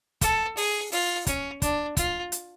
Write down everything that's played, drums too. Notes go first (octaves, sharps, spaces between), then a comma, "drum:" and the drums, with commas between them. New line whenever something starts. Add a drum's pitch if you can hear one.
A4, drum: kick, hi-hat
G#4, drum: open hi-hat
F4, drum: open hi-hat
C#4, drum: kick, hi-hat
D4, drum: kick, hi-hat
F4, drum: kick, hi-hat
drum: hi-hat